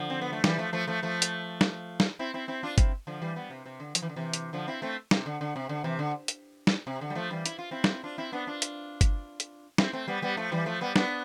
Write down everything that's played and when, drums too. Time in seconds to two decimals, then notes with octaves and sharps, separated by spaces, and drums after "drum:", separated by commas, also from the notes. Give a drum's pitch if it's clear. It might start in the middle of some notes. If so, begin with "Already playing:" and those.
Already playing: D3 F3
0.10 C4
0.22 B3
0.33 A3
0.44 E3 G3, drum: snare
0.58 F3 A3
0.73 F3 A3
0.87 F3 A3
1.03 F3 A3
1.22 drum: hi-hat
1.61 drum: snare
2.00 drum: snare
2.19 C4 E4
2.34 C4 E4
2.48 C4 E4
2.63 D4 F4
2.78 C4 E4, drum: kick G1, hi-hat
3.07 D3 F3
3.22 E3 G3
3.36 G3 B3
3.50 C3
3.66 C3
3.80 D3
3.95 F3, drum: hi-hat
4.02 E3
4.09 D3
4.16 C3 E3
4.34 drum: hi-hat
4.53 D3 F3
4.68 C4 E4
4.82 A3 C4
5.11 C3, drum: snare
5.26 D3
5.41 D3
5.56 C3
5.69 D3
5.84 C3 E3
5.99 D3
6.28 drum: hi-hat
6.67 drum: snare
6.87 C3
7.01 D3
7.10 G3
7.15 F3 A3
7.31 E3 G3
7.46 E4, drum: hi-hat
7.59 F4
7.71 C4 E4
7.84 drum: snare
8.04 D4 F4
8.18 C4 E4
8.33 B3 D4
8.47 D4 F4
8.62 drum: hi-hat
9.01 drum: kick G1, hi-hat
9.40 drum: hi-hat
9.78 C4 E4, drum: snare
9.93 A3 C4
10.08 G3 B3
10.22 G3 B3
10.37 F3 A3
10.52 E3 G3
10.66 F3 A3
10.81 G3 B3
10.96 B3 D4, drum: snare